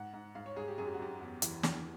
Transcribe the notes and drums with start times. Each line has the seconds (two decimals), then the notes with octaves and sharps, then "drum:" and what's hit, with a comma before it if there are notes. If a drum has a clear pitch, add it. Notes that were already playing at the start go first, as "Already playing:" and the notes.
Already playing: G#2 F#5
0.14 G#2
0.35 G#2 F5
0.46 C#5
0.56 G#2 G#4
0.68 G4
0.78 F#2 G#4
0.86 G4
0.94 F#4
0.99 F#2 G4
1.21 E2
1.42 E3, drum: hi-hat
1.63 E2, drum: snare